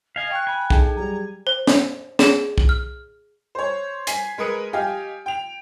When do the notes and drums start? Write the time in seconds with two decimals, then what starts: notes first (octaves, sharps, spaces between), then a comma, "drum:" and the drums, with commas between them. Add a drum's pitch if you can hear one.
0.16 D#5 F5 G#5
0.31 G5 C#6 F#6
0.47 G#5 B5
0.70 D#4 G#4 A4 G5 A5, drum: kick B1
0.96 F#3 G3 A#5
1.47 C5
1.67 drum: snare
2.19 G#4, drum: snare
2.58 drum: kick B1
2.69 F6
3.55 C5 C#5
4.07 G#5 G#6 B6 C7, drum: hi-hat
4.38 G#3 A#4 B4 D#6 C#7 D#7
4.73 G4 D#5 F5 G5 G#5
5.26 G5 F7